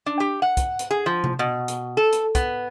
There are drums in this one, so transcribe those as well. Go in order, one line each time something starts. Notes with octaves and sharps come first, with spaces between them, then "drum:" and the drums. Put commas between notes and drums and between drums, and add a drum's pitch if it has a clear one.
D4
G4
F#5
drum: kick, hi-hat
drum: hi-hat
G#4
F3
drum: tom C3
B2
drum: hi-hat
A4
drum: hi-hat
B3, drum: kick, hi-hat